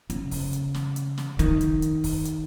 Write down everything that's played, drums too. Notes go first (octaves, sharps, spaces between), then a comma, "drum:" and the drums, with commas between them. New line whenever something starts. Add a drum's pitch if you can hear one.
C#3, drum: hi-hat
drum: kick, open hi-hat
drum: hi-hat
drum: snare
drum: hi-hat
drum: snare
D#3, drum: hi-hat
drum: hi-hat
drum: hi-hat
drum: kick, open hi-hat
drum: hi-hat